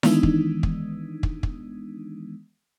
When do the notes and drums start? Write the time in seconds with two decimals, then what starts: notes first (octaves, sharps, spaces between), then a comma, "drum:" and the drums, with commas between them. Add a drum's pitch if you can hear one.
0.03 D#3 E3 G#3 B3 D4 D#4, drum: snare E4
0.23 drum: kick
0.63 drum: kick
1.23 drum: kick
1.43 drum: kick